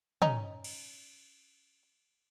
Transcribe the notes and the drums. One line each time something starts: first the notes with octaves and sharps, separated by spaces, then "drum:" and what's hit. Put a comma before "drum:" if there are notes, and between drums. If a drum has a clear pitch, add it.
C#4 D#4, drum: tom
drum: cymbal